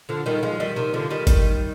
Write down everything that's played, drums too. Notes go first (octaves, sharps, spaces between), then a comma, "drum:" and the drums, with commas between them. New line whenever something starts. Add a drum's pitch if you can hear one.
D3 F3
D#3 G3
F3 G#3
D#3 G3
C3 D#3
D3 F3
D#3 G3
D#3 G3, drum: kick G1, hi-hat